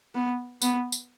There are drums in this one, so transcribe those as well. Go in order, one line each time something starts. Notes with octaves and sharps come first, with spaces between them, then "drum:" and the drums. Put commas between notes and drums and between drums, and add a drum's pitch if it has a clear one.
B3
B3, drum: tambourine
drum: tambourine